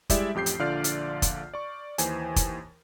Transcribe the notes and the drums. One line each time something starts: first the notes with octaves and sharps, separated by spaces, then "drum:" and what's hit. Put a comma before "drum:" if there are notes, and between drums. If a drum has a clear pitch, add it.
G3 G#3 E4 G4 D5 E5, drum: kick, hi-hat
A1 F2 G4 G6 C7
drum: hi-hat
A#1 D3 F4 D5 F6 C7
drum: hi-hat
drum: kick, hi-hat
D5 C#6
D#2 E3 C5 G#5, drum: hi-hat
drum: kick, hi-hat